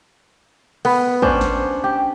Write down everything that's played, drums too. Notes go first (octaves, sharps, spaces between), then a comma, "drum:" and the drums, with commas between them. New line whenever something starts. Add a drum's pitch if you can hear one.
B3 B4, drum: cymbal
C#4 D4 C5, drum: kick
drum: snare
G4